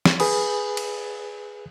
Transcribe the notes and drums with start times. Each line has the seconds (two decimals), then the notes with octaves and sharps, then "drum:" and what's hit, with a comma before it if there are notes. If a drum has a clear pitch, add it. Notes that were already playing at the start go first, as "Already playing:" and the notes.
0.05 drum: snare
0.20 G#4 B4 G#5 B5 D#6, drum: cymbal
0.77 drum: cymbal